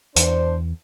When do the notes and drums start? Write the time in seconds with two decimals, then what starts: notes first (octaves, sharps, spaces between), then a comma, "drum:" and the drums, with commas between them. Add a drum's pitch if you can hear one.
0.16 E2 D4 C5, drum: hi-hat